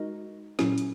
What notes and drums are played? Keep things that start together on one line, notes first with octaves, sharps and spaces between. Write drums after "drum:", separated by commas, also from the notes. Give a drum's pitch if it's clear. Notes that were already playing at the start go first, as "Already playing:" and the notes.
Already playing: G#3 D#4 F#4 A#4 D#5
A#2 F#3 C#4 E4, drum: snare
drum: hi-hat